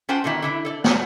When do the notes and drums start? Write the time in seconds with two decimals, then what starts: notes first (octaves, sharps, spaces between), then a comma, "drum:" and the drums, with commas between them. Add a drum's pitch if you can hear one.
0.09 C#4 F4 C5 F#5 G5 A5
0.24 B2 D3 D#3 E4
0.42 D3 E4 E5
0.65 A4 C#5 D5
0.84 A3 B3 C#5 F#5, drum: snare